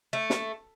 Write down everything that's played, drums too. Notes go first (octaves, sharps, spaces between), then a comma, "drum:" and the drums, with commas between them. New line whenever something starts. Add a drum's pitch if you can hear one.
A3
drum: snare